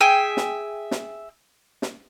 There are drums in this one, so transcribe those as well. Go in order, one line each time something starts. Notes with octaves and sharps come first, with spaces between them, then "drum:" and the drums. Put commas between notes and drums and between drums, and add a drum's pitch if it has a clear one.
G#4 E5 G5 G#5
drum: snare
drum: snare
drum: snare